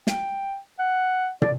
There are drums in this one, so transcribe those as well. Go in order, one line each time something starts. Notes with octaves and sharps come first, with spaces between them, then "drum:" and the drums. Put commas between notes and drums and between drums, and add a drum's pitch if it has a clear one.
G5, drum: snare
F#5
D5, drum: tom